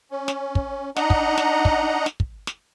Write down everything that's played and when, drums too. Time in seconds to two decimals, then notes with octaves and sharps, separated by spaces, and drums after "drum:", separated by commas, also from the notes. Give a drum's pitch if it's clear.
0.11 C#4
0.28 drum: snare
0.55 drum: kick
0.96 D4 D#4 D#5 F#5 A#5, drum: snare
1.10 drum: kick
1.38 drum: snare
1.65 drum: kick
2.06 drum: snare
2.20 drum: kick
2.47 drum: snare